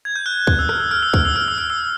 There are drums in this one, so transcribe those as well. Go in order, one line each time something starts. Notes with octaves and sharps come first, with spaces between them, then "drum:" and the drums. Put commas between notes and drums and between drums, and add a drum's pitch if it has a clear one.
G#6
G6
F#6
drum: kick C#2
E6
F6, drum: rim click
E6
F6
E6
F6, drum: kick C#2
E6
F6
E6
F6
E6